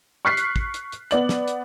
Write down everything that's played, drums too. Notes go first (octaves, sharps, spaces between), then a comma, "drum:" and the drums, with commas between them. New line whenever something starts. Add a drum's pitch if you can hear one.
C#6 F6 F#6 B6 C7
drum: hi-hat
drum: kick
drum: hi-hat
drum: hi-hat
B3 D5 F#7, drum: hi-hat
drum: snare
drum: hi-hat